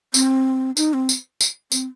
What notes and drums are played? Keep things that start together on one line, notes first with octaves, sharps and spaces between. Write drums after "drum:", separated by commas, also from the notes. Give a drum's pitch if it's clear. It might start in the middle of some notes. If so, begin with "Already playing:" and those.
C4, drum: tambourine
D#4, drum: tambourine
C4
drum: tambourine
drum: tambourine
C4, drum: tambourine